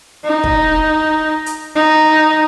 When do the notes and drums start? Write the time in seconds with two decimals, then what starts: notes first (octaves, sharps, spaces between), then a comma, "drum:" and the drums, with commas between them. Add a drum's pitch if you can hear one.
0.25 D#4
0.44 drum: kick
1.46 drum: hi-hat
1.75 D#4